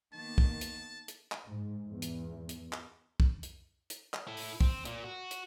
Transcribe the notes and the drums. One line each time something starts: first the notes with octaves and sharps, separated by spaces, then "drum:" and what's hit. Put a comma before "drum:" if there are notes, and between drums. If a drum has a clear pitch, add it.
D#3 A#3 B3 A5
drum: kick
drum: hi-hat
drum: hi-hat
drum: clap
G#2
E2
drum: hi-hat
drum: hi-hat
drum: clap
drum: kick
drum: hi-hat
drum: hi-hat
drum: clap
E4 A4
drum: open hi-hat
C4, drum: kick
A#2, drum: hi-hat
F#4
drum: hi-hat